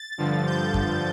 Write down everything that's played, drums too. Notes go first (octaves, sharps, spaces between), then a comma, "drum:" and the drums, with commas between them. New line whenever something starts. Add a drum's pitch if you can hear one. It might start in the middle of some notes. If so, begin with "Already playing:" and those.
Already playing: A6
G2 D3 F3
G6
drum: kick F#2